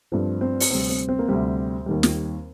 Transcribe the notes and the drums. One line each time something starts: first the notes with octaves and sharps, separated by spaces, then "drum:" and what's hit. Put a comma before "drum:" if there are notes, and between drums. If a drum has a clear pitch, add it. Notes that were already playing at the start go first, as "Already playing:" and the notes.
G2 F3 A3 C4
C4
drum: open hi-hat
D2 C3 G3 C4
C4
C4
A#3
D2 C3 G3 C4
D#2 D#3 G3
drum: snare